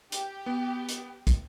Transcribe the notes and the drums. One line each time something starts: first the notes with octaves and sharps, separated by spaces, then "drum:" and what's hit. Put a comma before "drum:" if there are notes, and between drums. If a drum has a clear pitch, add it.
G4, drum: hi-hat
B3
drum: hi-hat
drum: kick, hi-hat